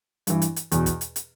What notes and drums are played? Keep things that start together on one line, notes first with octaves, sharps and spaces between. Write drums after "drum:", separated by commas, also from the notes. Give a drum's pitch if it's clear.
G2 E3, drum: hi-hat
drum: hi-hat
drum: hi-hat
E2 B2, drum: hi-hat
drum: kick, hi-hat
drum: hi-hat
drum: hi-hat